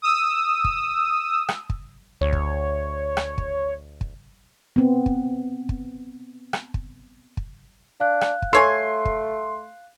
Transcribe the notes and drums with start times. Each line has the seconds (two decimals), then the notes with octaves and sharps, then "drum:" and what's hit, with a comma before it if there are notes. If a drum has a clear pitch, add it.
0.02 D#6 E6
0.64 drum: kick
1.49 drum: rim click
1.70 drum: kick
2.21 D2 C#5
2.33 drum: kick
3.17 drum: rim click
3.38 drum: kick
4.01 drum: kick
4.76 B3 C4
5.06 drum: kick
5.69 drum: kick
6.53 drum: rim click
6.74 drum: kick
7.37 drum: kick
8.00 D4 F5 F#6
8.21 drum: rim click
8.42 drum: kick
8.53 A3 A4 C#5 G#5 C6 C7
9.05 drum: kick